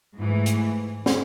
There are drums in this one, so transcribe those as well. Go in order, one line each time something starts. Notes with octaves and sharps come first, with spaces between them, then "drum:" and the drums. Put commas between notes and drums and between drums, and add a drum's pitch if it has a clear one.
G#2 E3 A3
drum: hi-hat
drum: snare